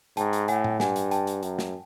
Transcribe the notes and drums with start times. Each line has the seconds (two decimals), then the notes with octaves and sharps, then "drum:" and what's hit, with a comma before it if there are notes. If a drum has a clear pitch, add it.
0.17 G#2 G5 A5, drum: hi-hat
0.33 drum: hi-hat
0.48 A2 F#5 G#5, drum: hi-hat
0.64 drum: tom A2
0.80 G2 F#5 G#5, drum: snare
0.96 drum: hi-hat
1.11 G5 A5, drum: hi-hat
1.27 drum: hi-hat
1.43 F#2, drum: hi-hat
1.59 drum: snare